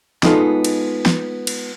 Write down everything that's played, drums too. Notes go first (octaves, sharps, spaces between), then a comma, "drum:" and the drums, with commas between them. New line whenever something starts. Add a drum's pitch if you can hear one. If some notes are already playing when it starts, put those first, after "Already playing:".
G#3 B3 D#4 F4 A4, drum: snare
drum: cymbal
drum: snare
drum: cymbal